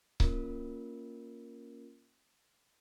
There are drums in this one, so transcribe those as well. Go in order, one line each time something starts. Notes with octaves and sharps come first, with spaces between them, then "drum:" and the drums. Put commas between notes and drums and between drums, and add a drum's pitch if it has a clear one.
A#3 C#4 F4 A#4, drum: kick C#1